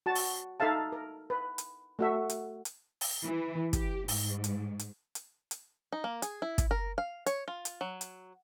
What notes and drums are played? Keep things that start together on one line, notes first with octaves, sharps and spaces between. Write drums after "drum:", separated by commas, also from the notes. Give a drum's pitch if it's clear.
F#4 A5
drum: open hi-hat
D#4 A4 E5 F5 A5
A#4
B4
drum: hi-hat
A3 F#4 E5
drum: hi-hat
drum: hi-hat
drum: open hi-hat
E3
G4, drum: kick, hi-hat
G#2, drum: open hi-hat
drum: hi-hat
drum: hi-hat
drum: hi-hat
drum: hi-hat
D#4
A#3
G#4, drum: hi-hat
E4
drum: kick, hi-hat
A#4
F5
C#5, drum: hi-hat
F4
drum: hi-hat
F#3
drum: hi-hat